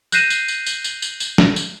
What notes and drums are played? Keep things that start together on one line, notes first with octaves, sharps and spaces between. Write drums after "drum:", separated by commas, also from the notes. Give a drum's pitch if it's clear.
F#6 G6 A#6 C7 D#7 E7, drum: tambourine
drum: tambourine
drum: tambourine
drum: tambourine
drum: tambourine
drum: tambourine
drum: tambourine
drum: snare
drum: tambourine